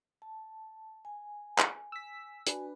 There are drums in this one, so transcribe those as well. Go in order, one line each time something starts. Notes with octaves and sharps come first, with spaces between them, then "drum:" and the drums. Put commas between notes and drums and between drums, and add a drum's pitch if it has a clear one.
A5
G#5
drum: clap
E6 B6
D4 F#4 B4 G#5, drum: hi-hat